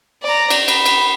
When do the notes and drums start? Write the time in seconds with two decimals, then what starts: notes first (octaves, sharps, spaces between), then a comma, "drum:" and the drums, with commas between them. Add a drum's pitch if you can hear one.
0.23 D5 A#5
0.50 drum: cymbal
0.68 B5, drum: cymbal
0.86 drum: cymbal